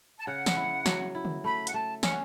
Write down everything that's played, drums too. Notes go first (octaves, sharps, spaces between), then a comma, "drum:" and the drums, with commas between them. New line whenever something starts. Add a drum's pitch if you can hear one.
A5
C#3 F#5
drum: snare
E4
F#3, drum: snare
E4
drum: tom D3
A3 B5
F#5, drum: hi-hat
A3 A5
C#4 F#5, drum: snare